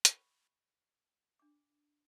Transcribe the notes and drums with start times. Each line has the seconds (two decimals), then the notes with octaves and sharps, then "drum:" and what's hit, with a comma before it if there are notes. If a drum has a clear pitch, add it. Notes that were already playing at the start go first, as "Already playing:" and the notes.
0.05 B5 C#6, drum: hi-hat
1.39 D4 D6